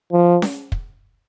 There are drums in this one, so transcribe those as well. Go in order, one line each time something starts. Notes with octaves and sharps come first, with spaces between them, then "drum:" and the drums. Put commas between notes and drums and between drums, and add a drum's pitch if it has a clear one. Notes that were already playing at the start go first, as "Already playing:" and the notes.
F3
drum: snare C#4
drum: kick